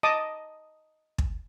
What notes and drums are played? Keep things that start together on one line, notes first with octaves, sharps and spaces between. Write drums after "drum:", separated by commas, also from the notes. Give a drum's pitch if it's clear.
D#5 A5 D6 D#6
drum: kick